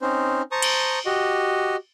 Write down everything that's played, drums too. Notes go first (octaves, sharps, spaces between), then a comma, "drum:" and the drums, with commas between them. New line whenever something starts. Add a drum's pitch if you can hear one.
C4 C#4 D#4 C5
C5 A5 A#5 C#6 D#6
drum: cymbal
F#4 G4 D#5